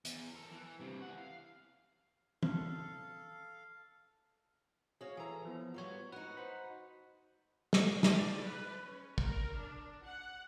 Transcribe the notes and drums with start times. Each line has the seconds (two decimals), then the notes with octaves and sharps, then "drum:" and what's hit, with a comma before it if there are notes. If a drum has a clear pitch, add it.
0.05 E2, drum: hi-hat
0.34 A4 A#4
0.51 E3
0.80 G2 C3
1.02 E3 F#5
1.18 F5
2.43 A4 F5, drum: tom
5.01 F#4 G#4 C#5 F5
5.17 E3 G#4 A4 A#5
5.45 F3 B3
5.74 F#3 G3 B3 F4 C#5
6.12 D#4 F#4 B4
6.37 C5 F#5 B5
7.73 drum: snare
8.03 drum: snare
8.14 D5
8.43 B4
8.83 C#4
9.18 A#4, drum: kick
9.58 D4
10.05 F#5